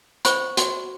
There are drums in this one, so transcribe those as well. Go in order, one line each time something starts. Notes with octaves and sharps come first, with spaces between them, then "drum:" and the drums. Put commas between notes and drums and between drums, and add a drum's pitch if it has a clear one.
C5 B5 C#6, drum: hi-hat
F#4, drum: hi-hat